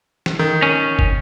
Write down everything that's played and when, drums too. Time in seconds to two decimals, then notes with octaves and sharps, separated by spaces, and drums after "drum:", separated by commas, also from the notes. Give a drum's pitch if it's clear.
0.26 drum: snare
0.39 D#3
0.62 C#4
0.99 drum: kick